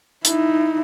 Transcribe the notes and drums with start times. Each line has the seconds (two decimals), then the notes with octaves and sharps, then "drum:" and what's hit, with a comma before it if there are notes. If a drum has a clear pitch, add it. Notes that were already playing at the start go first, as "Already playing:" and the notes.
0.25 D#4 E4, drum: hi-hat